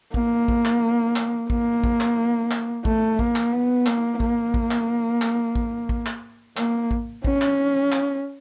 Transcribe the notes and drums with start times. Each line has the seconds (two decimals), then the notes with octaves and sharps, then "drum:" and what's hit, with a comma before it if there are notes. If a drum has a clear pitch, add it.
0.14 A#3, drum: kick A1
0.48 drum: kick A1
0.65 drum: clap
1.16 drum: clap
1.50 A#3, drum: kick A1
1.84 drum: kick A1
2.00 drum: clap
2.51 drum: clap
2.85 A3, drum: kick A1
3.19 A#3, drum: kick A1
3.36 drum: clap
3.52 B3
3.86 A#3, drum: clap
4.20 A#3, drum: kick A1
4.54 drum: kick A1
4.71 drum: clap
5.22 drum: clap
5.55 drum: kick A1
5.89 drum: kick A1
6.06 drum: clap
6.57 A#3, drum: clap
6.91 drum: kick A1
7.25 C#4, drum: kick A1
7.41 drum: clap
7.92 drum: clap